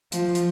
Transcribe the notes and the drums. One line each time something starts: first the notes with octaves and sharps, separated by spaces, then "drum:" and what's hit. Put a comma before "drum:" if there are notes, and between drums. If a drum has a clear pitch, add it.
F3, drum: hi-hat
drum: hi-hat